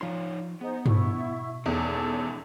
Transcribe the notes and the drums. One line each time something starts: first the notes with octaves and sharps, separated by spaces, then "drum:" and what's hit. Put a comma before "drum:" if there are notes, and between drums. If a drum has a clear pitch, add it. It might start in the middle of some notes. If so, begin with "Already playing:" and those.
F3 D#4 F4 C#5 C6
B3 D#4 G#4 C5
B2 E4 E5 C#6, drum: tom G2
E2 C#4 D#4 G#4 A4 C#5 E6